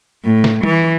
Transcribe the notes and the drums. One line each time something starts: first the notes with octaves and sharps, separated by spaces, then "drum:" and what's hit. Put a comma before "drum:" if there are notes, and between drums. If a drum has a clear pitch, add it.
A2
drum: snare
E3, drum: tom